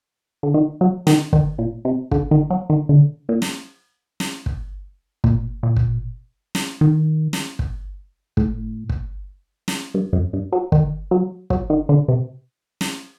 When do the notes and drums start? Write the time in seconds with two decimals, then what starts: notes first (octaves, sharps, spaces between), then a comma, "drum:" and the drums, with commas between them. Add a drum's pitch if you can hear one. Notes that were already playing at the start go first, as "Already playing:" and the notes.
0.43 D3
0.54 D#3
0.81 F#3
1.07 D#3, drum: snare
1.33 D#3, drum: kick
1.59 A#2
1.85 C3
2.11 D3, drum: kick
2.31 D#3
2.50 F#3
2.70 D#3
2.89 D3
3.29 A#2
3.42 drum: snare
4.20 drum: snare
4.46 drum: kick
5.24 A#2, drum: kick
5.63 A#2
5.76 drum: kick
6.55 drum: snare
6.81 D#3
7.33 drum: snare
7.59 drum: kick
8.37 A2, drum: kick
8.89 drum: kick
9.68 drum: snare
9.94 G2
10.13 F#2
10.33 G2
10.52 F#3
10.72 D#3, drum: kick
11.11 F#3
11.50 F#3, drum: kick
11.70 D#3
11.89 D3
12.08 C3
12.81 drum: snare